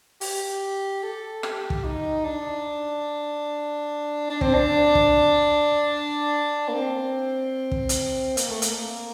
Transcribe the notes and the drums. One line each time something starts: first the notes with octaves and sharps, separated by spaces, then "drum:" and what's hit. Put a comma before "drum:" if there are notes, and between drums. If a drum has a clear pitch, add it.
G4, drum: open hi-hat
A4
G4, drum: rim click
drum: kick
D#4
D4
D4
C4, drum: kick
D4
drum: kick
A#3
C4
drum: kick
drum: hi-hat
A#3, drum: hi-hat
A3
A#3, drum: hi-hat